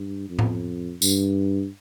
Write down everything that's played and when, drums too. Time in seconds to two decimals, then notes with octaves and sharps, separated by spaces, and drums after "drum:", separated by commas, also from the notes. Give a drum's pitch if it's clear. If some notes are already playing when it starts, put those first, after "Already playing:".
Already playing: G2
0.29 F2
0.39 drum: tom A2
1.02 G2, drum: tambourine